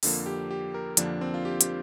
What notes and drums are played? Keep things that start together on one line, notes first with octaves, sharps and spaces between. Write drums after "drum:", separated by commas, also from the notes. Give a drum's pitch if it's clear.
F2 D3 F3 A#3, drum: open hi-hat
G4
G4
A#4
F2 D3 F3 A#3 D4, drum: hi-hat
C4
F4
G4
G4, drum: hi-hat